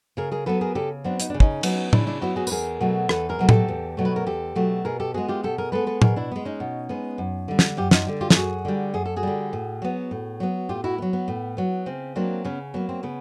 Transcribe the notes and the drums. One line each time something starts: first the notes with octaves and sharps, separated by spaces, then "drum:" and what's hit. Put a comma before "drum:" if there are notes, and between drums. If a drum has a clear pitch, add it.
C#3 G#4 A#4
G#4 A#4
F#3 B3 A4 B4
G#4 A#4
C#3 G4 A4
F#3 B3 C4 D4
D#4, drum: hi-hat
C#3 D4
C#4 D#4, drum: kick
F#3 B3, drum: cymbal
C#3 D4 E4, drum: tom A2
D4 E4
F#3 B3 E4 F#4
F#4 G#4
B4, drum: tambourine
E2 G#4 A#4
B2 F#3 A3
E2 A4 B4, drum: rim click
G#4 A#4
B2 F#3 A3
G4 A4, drum: tom A2
E2
B2 F#3 A3
B4
A#4
E2 G4 A4
B2 F#3 A3
B2 G#4 A#4
G4 A4
G#3 B3 F#4 G#4
F4 G4
B2 G4 A4
G#4 A#4
G#3 B3 A4 B4
A4 B4
B2 G#4 A#4, drum: tom A2
D4 E4
G#3 B3
C#4 D#4
B2
G#3 B3
F#2
D3 G3
drum: snare
F#2 F4 G4
D#4 F4, drum: snare
D3 G3
F4 G4
A4, drum: snare
F#2 F#4 G#4
D3 G3
F#2 G#4
A4
F#4 G#4
D3 G3
A2
F#3 B3
A2
F#3 B3
A2 F4 G4
E4 F#4
F#3 B3
B3
A2
F#3 B3
C#3 C4
F#3 A#3 C4 D4
C#3 B3 C#4
F#3 A#3 B3
C4
C#3 B3